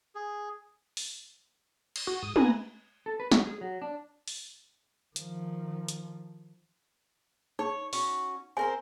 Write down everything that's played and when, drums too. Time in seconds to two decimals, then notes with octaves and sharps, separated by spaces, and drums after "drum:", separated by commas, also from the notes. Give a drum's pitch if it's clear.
0.15 G#4
0.97 drum: open hi-hat
1.96 drum: cymbal
2.07 F#4
2.23 G#2 D#6
2.36 B4 G#5 A#5 F#6, drum: tom
3.06 A4
3.20 B4
3.32 F#3, drum: snare
3.47 G#4
3.61 F#3
3.82 D4
4.28 drum: open hi-hat
5.16 D#3 F3, drum: hi-hat
5.88 drum: hi-hat
7.59 D#4 C#5
7.93 C#4 F#4, drum: open hi-hat
8.57 C4 A#4 C5 E5 G#5